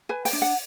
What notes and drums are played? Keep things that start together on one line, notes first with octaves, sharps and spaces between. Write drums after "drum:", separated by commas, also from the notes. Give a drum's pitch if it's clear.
B4 G#5
G5, drum: open hi-hat
D4
F#5